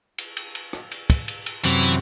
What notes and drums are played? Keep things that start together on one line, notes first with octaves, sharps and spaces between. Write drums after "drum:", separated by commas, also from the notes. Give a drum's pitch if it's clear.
drum: cymbal
drum: cymbal
drum: cymbal
drum: rim click
drum: cymbal
drum: kick, cymbal
drum: cymbal
drum: cymbal
F#2 C3 E3 E4
drum: cymbal